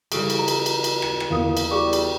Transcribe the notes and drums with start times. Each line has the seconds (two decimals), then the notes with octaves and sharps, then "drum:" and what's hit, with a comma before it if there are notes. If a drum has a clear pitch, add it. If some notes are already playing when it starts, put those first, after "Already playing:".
0.12 C#3 E3 G3 A4 D7, drum: cymbal
0.30 drum: cymbal
0.39 A#5
0.48 drum: cymbal
0.66 drum: cymbal
0.84 drum: cymbal
1.02 drum: rim click
1.20 drum: rim click
1.30 E2 A#3 D#6
1.57 drum: cymbal
1.71 G3 F#4 G#4 C#6
1.93 drum: cymbal